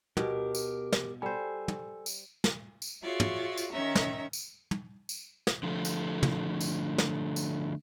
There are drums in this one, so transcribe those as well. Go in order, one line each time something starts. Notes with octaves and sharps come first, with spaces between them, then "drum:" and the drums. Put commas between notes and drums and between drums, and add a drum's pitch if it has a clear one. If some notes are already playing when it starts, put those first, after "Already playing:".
B2 G4 A#4, drum: tom
drum: tambourine
drum: snare
G3 A4 C5 G#5
drum: tom
drum: tambourine
drum: snare
drum: tambourine
F4 F#4 G#4 C#5 D5 E5
drum: tom
drum: tambourine
D#3 C#4 E5 A#5
drum: snare
drum: tambourine
drum: tom
drum: tambourine
drum: snare
D3 F3 A3
drum: tambourine
drum: tom
drum: tambourine
drum: snare
drum: tambourine